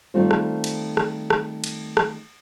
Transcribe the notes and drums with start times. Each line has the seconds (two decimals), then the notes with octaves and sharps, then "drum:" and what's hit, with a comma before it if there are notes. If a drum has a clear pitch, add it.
0.14 D#3 G3 A3 C4 F4 C5
0.31 drum: rim click
0.64 drum: cymbal
0.97 drum: rim click
1.30 drum: rim click
1.64 drum: cymbal
1.97 drum: rim click